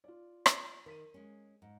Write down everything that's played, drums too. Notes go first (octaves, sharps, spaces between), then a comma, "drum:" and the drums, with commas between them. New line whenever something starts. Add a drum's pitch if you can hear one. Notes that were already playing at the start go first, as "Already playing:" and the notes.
F4 D5
drum: rim click
D#3 A#4 B6 D#7
G#3 C#4
G#2